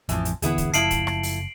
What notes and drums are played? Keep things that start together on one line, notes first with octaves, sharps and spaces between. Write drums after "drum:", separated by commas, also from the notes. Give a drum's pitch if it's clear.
A1 F2 E3 F3, drum: hi-hat
drum: hi-hat
D#1 D3 E3 B3 E4 G#4, drum: hi-hat
drum: kick, hi-hat
F#1 F3 A3 E4 C7 D7 F#7, drum: hi-hat
drum: kick, hi-hat
drum: rim click
drum: open hi-hat